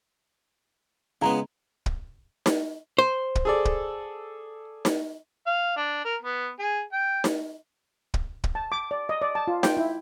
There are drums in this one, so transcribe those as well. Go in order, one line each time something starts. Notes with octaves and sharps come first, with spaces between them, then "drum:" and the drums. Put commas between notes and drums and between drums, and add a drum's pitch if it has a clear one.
C#3 G#3 B3 E4 A#5
drum: kick
drum: snare D#4
C5
drum: kick
G#4 A4 D5
drum: kick
drum: snare D#4
F5
D4
A#4
B3
G#4
G5
drum: snare D#4
drum: kick
drum: kick
A5
D6
D5
D#5
D5
A5
F4
G5, drum: snare D#4
E4